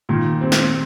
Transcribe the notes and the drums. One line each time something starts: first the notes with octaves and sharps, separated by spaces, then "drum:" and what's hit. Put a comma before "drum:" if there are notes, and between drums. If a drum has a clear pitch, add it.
A#2 D#3
C4
drum: snare